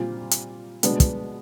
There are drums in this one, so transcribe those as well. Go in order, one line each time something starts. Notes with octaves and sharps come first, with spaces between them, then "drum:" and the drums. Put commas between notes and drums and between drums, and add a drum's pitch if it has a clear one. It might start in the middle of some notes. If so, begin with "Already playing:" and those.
Already playing: A#2 G3 C4 F4
drum: hi-hat
B2 G#3 B3 D4, drum: hi-hat
drum: kick, hi-hat